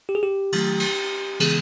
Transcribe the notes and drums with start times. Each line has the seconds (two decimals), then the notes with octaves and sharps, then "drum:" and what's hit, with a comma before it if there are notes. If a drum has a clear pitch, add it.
0.09 G4
0.15 G#4
0.23 G4
0.53 D#3 F#3 A3, drum: cymbal
0.80 drum: cymbal
1.40 C#3 E3 G#3 B3 G#4, drum: cymbal